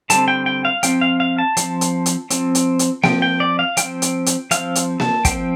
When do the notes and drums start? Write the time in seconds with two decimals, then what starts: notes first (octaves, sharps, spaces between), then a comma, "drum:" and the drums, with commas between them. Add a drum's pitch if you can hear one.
0.10 D3 G3 C4 A5, drum: hi-hat
0.28 G5
0.46 G5
0.65 F5
0.83 F3 C4 G5, drum: hi-hat
1.01 F5
1.20 F5
1.38 A5
1.57 F3 C4, drum: hi-hat
1.81 drum: hi-hat
2.06 drum: hi-hat
2.30 F3 C4, drum: hi-hat
2.55 drum: hi-hat
2.79 drum: hi-hat
3.04 F3 C4 G5, drum: snare A#3
3.22 G5
3.40 D5
3.59 F5
3.77 F3 C4 G5, drum: hi-hat
4.02 drum: hi-hat
4.26 drum: hi-hat
4.51 F3 C4 F5, drum: hi-hat
4.75 drum: hi-hat
5.00 A5, drum: snare A#3
5.25 F3 C4 G5, drum: kick, hi-hat